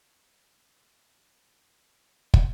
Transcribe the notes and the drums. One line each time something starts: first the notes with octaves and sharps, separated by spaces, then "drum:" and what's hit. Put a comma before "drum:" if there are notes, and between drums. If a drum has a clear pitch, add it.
D2 A#3 A#4
A5
C#5 F#5
D#3 C6
C3 F3 D#6
drum: kick